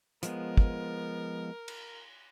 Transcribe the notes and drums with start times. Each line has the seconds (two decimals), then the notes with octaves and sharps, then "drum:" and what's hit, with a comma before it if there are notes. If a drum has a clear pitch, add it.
0.23 F3 G#3 B3 A#4, drum: hi-hat
0.57 drum: kick
1.68 drum: cymbal